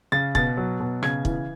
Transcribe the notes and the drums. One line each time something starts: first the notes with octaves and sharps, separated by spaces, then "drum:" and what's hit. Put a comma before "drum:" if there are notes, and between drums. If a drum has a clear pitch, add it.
C#3 A6
B2 A6, drum: kick
F#3
B2
C#3 G#6, drum: rim click
E3, drum: kick